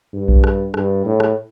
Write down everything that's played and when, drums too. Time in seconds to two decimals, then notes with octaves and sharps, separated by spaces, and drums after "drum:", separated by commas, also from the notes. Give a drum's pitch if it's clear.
0.13 G2
0.28 drum: kick A#1
0.44 drum: rim click
0.74 G2, drum: rim click
1.05 A2
1.20 drum: rim click